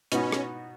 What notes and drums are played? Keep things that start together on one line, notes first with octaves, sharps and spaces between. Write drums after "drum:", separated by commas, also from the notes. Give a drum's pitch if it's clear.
B2 B3 C#4 D#4 F#4, drum: hi-hat
drum: rim click